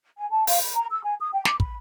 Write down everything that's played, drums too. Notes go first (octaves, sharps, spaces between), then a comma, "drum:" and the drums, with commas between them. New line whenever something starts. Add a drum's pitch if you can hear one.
G#5
A5
F5, drum: open hi-hat
B5
A#5
E6
G#5
D#6
G5
D6, drum: snare
B5, drum: kick